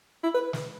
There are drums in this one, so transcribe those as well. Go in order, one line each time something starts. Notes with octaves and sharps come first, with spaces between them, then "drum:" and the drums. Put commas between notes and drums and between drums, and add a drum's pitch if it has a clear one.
E4
B4
drum: snare